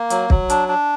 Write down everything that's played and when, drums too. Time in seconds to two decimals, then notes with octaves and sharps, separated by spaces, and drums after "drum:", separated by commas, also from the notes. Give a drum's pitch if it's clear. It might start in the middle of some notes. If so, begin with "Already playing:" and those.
Already playing: A#3
0.10 F#3, drum: hi-hat
0.30 F#3, drum: kick
0.50 D4, drum: hi-hat
0.68 D4